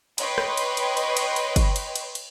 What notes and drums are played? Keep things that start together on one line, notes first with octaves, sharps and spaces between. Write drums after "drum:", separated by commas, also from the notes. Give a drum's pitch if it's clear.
B4 C#5 D#5 G5 C6, drum: cymbal
drum: rim click
drum: cymbal
drum: cymbal
drum: cymbal
drum: cymbal
drum: cymbal
drum: kick G1, cymbal
drum: cymbal
drum: cymbal
drum: cymbal